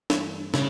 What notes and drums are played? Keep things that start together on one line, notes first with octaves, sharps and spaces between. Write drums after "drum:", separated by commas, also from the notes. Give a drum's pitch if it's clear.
G2 E3 A3, drum: snare
A2 C#3 G3 C#4, drum: snare